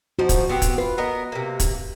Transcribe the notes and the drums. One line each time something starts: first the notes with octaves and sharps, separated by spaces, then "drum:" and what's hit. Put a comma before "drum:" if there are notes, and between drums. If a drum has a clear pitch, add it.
F3 D#4 F#4 C5
drum: kick, hi-hat
B3 C4 G4
drum: kick, hi-hat
F4 B4
B3 A#4 D#5
C3 A#3
drum: kick, hi-hat